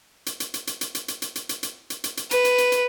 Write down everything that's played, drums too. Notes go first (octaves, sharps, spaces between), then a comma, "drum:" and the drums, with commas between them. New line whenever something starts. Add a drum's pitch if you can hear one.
drum: hi-hat
drum: hi-hat
drum: hi-hat
drum: hi-hat
drum: hi-hat
drum: hi-hat
drum: hi-hat
drum: hi-hat
drum: hi-hat
drum: hi-hat
drum: hi-hat
drum: hi-hat
drum: hi-hat
drum: hi-hat
B4, drum: hi-hat
drum: hi-hat
drum: hi-hat
drum: hi-hat